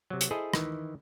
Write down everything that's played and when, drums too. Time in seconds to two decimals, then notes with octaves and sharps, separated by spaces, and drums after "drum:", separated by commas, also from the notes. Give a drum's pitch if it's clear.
0.10 C3 F#3
0.21 drum: hi-hat
0.31 E4 G#4 A4 C5 D#5 A5
0.54 D#3 E3 E4, drum: rim click